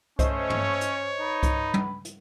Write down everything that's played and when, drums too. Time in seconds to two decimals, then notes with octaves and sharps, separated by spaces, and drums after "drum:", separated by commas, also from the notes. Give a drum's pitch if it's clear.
0.19 A3 C#4 C5 C#5 D#5, drum: kick C2, hi-hat
0.50 drum: tom
0.81 drum: hi-hat
1.20 D#4 B4
1.43 drum: kick C2, hi-hat
1.74 drum: tom
2.05 drum: hi-hat